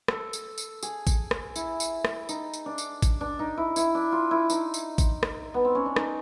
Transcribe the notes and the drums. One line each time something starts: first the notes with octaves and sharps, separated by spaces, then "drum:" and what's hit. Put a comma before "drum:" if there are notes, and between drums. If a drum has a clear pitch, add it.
A4, drum: rim click
drum: tambourine
drum: tambourine
G#4, drum: tambourine
drum: kick A1, tambourine
drum: rim click
E4, drum: tambourine
drum: tambourine
drum: rim click
D#4, drum: tambourine
drum: tambourine
D4
drum: tambourine
drum: kick A1, tambourine
D4
D#4
E4
E4, drum: tambourine
D4
F4
E4
D#4, drum: tambourine
drum: tambourine
drum: kick A1, tambourine
drum: rim click
B3
C4
C#4
D4
D#4, drum: rim click